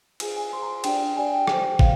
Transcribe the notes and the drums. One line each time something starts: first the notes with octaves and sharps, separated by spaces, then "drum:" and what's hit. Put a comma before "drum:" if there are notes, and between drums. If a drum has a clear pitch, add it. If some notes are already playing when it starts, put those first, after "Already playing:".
F4 G#4 C5 G#5, drum: cymbal
G#5
F4 G#4 C5 C6
A#5
D4 G4 D5 G5, drum: cymbal
D4 G4 D5 G#5
G5
G4 C5, drum: rim click
G4 F5, drum: kick